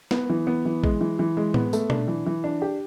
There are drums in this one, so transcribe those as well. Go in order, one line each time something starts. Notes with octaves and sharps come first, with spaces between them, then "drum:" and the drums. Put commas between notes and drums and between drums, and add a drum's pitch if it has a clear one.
B3, drum: snare
E3
B3
E3
G#3, drum: kick A1
E3
E3
G#3
B3, drum: tom A2
A3, drum: tambourine
D4, drum: tom B2
E3
E3
D4
G4